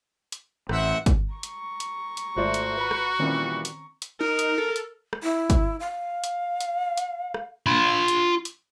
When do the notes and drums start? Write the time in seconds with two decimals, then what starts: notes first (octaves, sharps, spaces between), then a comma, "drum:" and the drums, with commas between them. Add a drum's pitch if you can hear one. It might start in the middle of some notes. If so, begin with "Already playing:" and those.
0.32 drum: hi-hat
0.69 A1 C4 E5 F#5, drum: rim click
1.06 drum: kick, hi-hat
1.33 A#5 C#6
1.43 drum: hi-hat
1.80 drum: hi-hat
2.17 drum: hi-hat
2.37 G#1 A3 F4 F#4 C5 D5
2.54 drum: hi-hat
2.77 B4
2.91 drum: rim click
3.19 A#2 D#3 E3 G3 C4 C#4
3.65 drum: hi-hat
4.02 drum: hi-hat
4.20 D#4 A#4
4.39 drum: hi-hat
4.58 A4
4.76 drum: hi-hat
5.13 drum: rim click
5.23 E4
5.50 drum: kick, hi-hat
5.80 F5
6.24 drum: hi-hat
6.61 drum: hi-hat
6.97 drum: hi-hat
7.34 drum: rim click
7.66 F4 B5
8.08 drum: hi-hat
8.45 drum: hi-hat